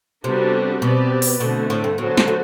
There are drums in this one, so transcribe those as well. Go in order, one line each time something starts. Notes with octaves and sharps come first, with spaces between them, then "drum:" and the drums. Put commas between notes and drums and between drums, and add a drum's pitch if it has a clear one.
C3 G3 B3 D4 F#4 A4
B2 C4 G4 B4 D5
drum: open hi-hat
B2 D3 A3 C4
A2
G2
A2 D3 F#3 B3 F#4 C5
G3, drum: snare
A3